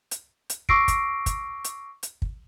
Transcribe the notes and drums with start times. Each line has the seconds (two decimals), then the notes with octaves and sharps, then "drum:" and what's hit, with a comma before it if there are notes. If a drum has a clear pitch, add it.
0.11 drum: hi-hat
0.50 drum: hi-hat
0.69 C#6 D6 E6 A#6 C7 D7, drum: kick
0.88 drum: kick, hi-hat
1.26 drum: kick, hi-hat
1.64 drum: hi-hat
2.03 drum: hi-hat
2.22 drum: kick